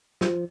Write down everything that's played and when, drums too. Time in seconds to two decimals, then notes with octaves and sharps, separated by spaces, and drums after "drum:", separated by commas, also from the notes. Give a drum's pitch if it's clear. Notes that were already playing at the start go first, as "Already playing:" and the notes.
0.21 F3, drum: snare